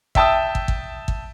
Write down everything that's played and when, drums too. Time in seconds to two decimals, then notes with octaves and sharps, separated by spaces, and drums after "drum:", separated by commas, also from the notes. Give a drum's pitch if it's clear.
0.15 E5 G5 A5 D#6 E6, drum: kick
0.55 drum: kick
0.68 drum: kick
1.08 drum: kick